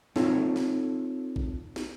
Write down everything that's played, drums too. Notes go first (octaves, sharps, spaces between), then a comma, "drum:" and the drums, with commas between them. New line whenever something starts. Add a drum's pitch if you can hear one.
C4 D#4 F4 A4 C#5, drum: snare
drum: snare
drum: kick
drum: snare